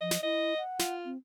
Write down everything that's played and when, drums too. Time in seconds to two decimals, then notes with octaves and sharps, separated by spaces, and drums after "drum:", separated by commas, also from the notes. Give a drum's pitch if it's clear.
0.01 F3 D#5
0.11 drum: snare
0.23 E4 D#5
0.57 F#5
0.79 F4, drum: snare
1.05 C4